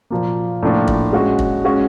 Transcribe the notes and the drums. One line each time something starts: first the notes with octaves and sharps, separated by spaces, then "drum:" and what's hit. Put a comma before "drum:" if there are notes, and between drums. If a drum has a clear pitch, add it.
A#2 F3 A#3
A2 F3 A#3 D4 F4
drum: kick
G#3 C#4 F#4
drum: kick
G#3 C#4 F#4